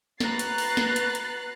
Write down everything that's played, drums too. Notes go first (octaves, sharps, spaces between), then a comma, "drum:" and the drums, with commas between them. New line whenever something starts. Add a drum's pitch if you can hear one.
F#4 B4 A#5 F#6 A6 C7, drum: snare
drum: hi-hat
drum: open hi-hat
drum: snare
drum: hi-hat
drum: hi-hat